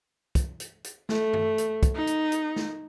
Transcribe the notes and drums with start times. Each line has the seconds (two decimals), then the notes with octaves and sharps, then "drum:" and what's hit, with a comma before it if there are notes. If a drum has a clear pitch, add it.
0.35 drum: kick, hi-hat
0.60 drum: hi-hat
0.84 drum: hi-hat
1.09 A3, drum: snare
1.33 drum: tom G2
1.58 drum: hi-hat
1.83 drum: kick, hi-hat
1.96 D#4
2.07 drum: hi-hat
2.32 drum: hi-hat
2.56 drum: snare